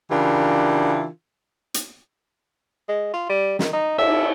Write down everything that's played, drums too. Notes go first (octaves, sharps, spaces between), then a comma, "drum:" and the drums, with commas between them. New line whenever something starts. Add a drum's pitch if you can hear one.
C#3 E3 D4 F4 G4 A#4
drum: hi-hat
G#3
F4
G3
D#3, drum: snare
D#4
E5, drum: cymbal